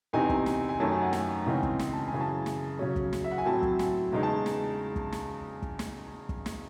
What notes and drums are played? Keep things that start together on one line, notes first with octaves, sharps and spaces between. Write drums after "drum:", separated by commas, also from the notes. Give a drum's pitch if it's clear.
E2 C3 E3 C4 D#4 G#5
drum: kick
drum: snare
G#5
F#2 D#3 A3 C#4 A5
G#5
F#5
G#5, drum: snare
C#3 E3 G#3 C4 D#4
drum: kick
drum: snare
A5
G#5
F#2 C#3 E3
A5
drum: snare
C#3 F#3 C#4
drum: kick
drum: snare
E5
F#5
G#5
A2 F#3 C4 E4 A5
drum: kick
drum: snare
E2 C#3 G#3 D#4
A5
drum: snare
drum: kick
drum: snare
drum: kick
drum: snare
drum: kick
drum: snare